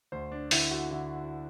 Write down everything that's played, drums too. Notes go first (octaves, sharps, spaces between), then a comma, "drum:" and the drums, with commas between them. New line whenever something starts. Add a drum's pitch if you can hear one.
D2 C5
D4
D3 E4, drum: open hi-hat
F#4
D3 E4